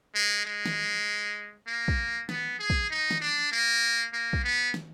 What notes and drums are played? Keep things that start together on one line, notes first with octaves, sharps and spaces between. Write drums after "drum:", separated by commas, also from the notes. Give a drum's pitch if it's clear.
G#3
G#3
drum: snare
A#3
drum: kick
B3, drum: snare
G#4
drum: kick
D#4
drum: snare
D4
A#3
A#3
drum: kick
B3
drum: snare